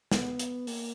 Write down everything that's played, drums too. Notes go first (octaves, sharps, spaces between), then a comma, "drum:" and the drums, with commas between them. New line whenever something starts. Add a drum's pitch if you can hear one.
B3, drum: snare
drum: hi-hat
A#3, drum: open hi-hat